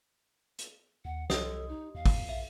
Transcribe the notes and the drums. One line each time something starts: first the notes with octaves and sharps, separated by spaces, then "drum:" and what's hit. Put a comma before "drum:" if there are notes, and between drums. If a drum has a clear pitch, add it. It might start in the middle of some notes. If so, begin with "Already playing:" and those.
drum: hi-hat
D#2 F#5
C2 G4 A4 D#5 D#6, drum: snare
D#4
E2 F5
drum: kick, open hi-hat
A#1 E5